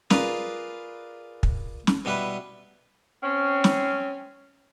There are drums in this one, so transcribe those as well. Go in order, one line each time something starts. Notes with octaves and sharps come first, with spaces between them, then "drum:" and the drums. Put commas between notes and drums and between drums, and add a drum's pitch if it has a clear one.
F4 G#4 A#4 B4 D5 F5, drum: snare
drum: kick
drum: snare
B2 G3 E4 B4
C4 C#4
drum: snare